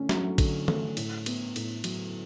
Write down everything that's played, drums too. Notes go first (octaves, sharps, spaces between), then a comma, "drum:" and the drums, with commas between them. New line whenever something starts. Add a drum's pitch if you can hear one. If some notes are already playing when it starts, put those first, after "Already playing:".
Already playing: D3 A3 C#4
F#3, drum: snare
D3, drum: kick A1, cymbal
A3, drum: tom
A2, drum: cymbal
B3, drum: cymbal
A2, drum: cymbal
F#3, drum: cymbal